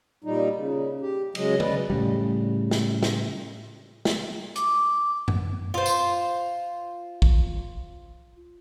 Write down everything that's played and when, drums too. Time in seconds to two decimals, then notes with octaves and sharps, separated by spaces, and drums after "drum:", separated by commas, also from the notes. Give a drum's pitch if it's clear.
0.24 A#2 G3 D#4
0.55 C#3
1.01 G4
1.35 C#3 F#3 G#3 D#5, drum: cymbal
1.60 B4 D5 D#5, drum: tom
1.90 A2 C#3 G3
2.71 drum: snare
3.03 drum: snare
4.05 drum: snare
4.56 D6, drum: hi-hat
5.28 drum: tom F#2
5.74 F4 C5
5.86 drum: tambourine
7.22 drum: kick